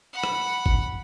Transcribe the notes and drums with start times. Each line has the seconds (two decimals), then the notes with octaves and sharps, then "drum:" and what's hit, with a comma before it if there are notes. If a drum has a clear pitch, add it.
0.13 F#5 B5
0.23 drum: rim click
0.66 drum: kick